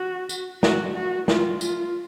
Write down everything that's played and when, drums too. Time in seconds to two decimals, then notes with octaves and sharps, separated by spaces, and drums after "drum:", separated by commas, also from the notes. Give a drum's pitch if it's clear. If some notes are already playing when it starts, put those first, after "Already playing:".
Already playing: F#4
0.29 drum: tambourine
0.63 F#4, drum: snare
0.95 F#4
1.28 F4, drum: snare
1.61 F4, drum: tambourine